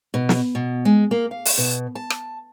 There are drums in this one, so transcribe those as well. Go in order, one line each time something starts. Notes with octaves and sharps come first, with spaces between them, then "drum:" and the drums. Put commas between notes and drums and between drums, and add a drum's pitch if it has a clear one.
B2
drum: snare
B2
G#3
A#3
F5
drum: open hi-hat
B2
A5
drum: rim click